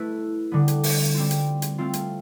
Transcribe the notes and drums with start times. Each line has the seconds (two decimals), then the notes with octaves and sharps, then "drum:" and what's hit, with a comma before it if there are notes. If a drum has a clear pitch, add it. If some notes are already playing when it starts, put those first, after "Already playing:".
Already playing: A3 E4 B4
0.52 D3 G3 B3
0.68 drum: hi-hat
0.83 drum: open hi-hat
1.14 G3 C4 F4
1.31 drum: hi-hat
1.62 drum: hi-hat
1.78 A3 C4 F4
1.93 drum: hi-hat